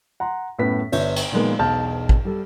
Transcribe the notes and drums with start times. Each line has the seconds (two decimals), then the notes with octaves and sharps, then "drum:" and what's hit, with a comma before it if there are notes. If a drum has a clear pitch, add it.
0.20 F#5 A#5 C6
0.58 F#2 A2 B3 B4 B6
0.92 G1 C#5 E5, drum: cymbal
1.16 drum: cymbal
1.32 A#2 D#3 F3 G#3 A#3 B3
1.59 E1 B1 F5 A5 F6 G6
2.09 drum: kick A1
2.25 G3 A4